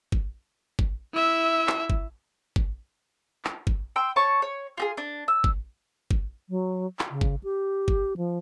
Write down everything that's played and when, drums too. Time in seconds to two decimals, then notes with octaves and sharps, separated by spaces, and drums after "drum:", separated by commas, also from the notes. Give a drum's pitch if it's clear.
0.12 drum: kick
0.79 drum: kick
1.13 E4 E5
1.67 drum: clap
1.90 drum: kick
2.56 drum: kick
3.45 drum: clap
3.67 drum: kick
3.96 G5 C6 E6
4.16 C#5 A5 C#6
4.42 C#5
4.77 F4 G4 G#4
4.97 D4
5.28 E6
5.44 drum: kick
6.11 drum: kick
6.49 F#3
6.99 drum: clap
7.11 C#3
7.21 drum: kick
7.43 G4
7.88 drum: kick
8.17 F3